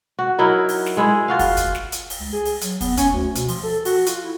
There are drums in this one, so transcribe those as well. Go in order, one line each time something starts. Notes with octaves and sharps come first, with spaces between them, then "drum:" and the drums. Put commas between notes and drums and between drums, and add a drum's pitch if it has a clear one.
F#4
F#3 D#4 E4 A#4
drum: open hi-hat
drum: snare
G#3 E4 G#4
F4 F#4 F5
drum: kick, open hi-hat
drum: kick, hi-hat
drum: snare
drum: hi-hat
drum: open hi-hat
C#2
G#4
drum: open hi-hat
F#3, drum: hi-hat
B3, drum: kick, open hi-hat
C#4, drum: kick, hi-hat
D2
B2, drum: hi-hat
F3, drum: open hi-hat
A4
F#4, drum: open hi-hat
F4, drum: hi-hat
E4